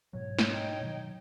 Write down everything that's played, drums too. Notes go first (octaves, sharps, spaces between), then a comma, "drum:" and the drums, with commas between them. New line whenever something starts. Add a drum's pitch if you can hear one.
G#2 B2 F#3 C#5
drum: snare
D#4 G5
B2 D#3 F#3